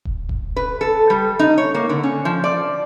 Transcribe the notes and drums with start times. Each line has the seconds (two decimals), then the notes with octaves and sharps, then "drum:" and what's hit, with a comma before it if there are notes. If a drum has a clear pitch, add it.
0.05 drum: kick D#1
0.29 drum: kick D#1
0.56 B4
0.81 A4
1.10 G3
1.39 D#4
1.58 C#5
1.75 A#3
1.89 D3
2.04 C#4
2.25 F3
2.44 D5